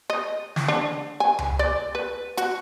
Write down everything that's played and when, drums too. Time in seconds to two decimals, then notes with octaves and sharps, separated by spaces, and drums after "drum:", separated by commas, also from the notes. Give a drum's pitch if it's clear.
0.10 D#5
0.56 drum: snare
0.68 D4
1.20 G#5
1.39 drum: tom C#2
1.59 D5
1.95 B4
2.37 F#4, drum: hi-hat